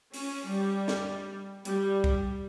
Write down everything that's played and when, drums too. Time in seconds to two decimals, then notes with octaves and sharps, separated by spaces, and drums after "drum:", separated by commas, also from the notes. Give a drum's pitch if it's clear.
0.14 C#4, drum: open hi-hat
0.49 G3
0.88 drum: snare
1.65 G3, drum: hi-hat
2.04 drum: kick C2